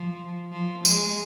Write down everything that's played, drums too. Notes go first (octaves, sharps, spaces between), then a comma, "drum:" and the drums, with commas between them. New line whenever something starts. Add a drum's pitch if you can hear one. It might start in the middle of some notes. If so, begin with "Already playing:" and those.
Already playing: F3
F3
G#3, drum: tambourine